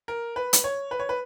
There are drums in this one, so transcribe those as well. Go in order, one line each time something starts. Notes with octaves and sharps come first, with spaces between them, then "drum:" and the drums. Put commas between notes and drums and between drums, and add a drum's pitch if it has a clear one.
A#4
B4
drum: hi-hat
C#5
B4
C#5
B4